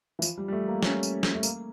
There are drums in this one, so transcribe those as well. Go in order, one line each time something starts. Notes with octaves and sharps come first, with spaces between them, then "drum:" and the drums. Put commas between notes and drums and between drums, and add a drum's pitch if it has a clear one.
E3
F3, drum: tambourine
G3
G3
A3
A#3
C#4, drum: snare
drum: tambourine
drum: snare
A3
A#3, drum: tambourine